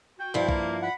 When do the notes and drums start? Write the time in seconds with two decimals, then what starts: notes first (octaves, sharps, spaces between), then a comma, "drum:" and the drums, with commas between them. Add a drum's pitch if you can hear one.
0.19 F#4 G5
0.34 G2 F3 E4
0.49 A#3, drum: kick B1
0.82 F#5 B5